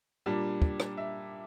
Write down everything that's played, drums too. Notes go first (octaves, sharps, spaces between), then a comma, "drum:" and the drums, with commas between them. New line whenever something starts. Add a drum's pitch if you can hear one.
A#2 G3 D4
drum: kick
drum: rim click
E5